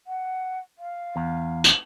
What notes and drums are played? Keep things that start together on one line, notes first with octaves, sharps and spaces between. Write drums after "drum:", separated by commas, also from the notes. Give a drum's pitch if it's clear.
F#5
F5
E2
drum: tambourine